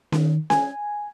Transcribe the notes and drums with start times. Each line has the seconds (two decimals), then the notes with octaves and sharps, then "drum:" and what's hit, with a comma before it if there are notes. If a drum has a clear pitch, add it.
0.12 D#3, drum: snare C#4
0.50 G#5, drum: snare C#4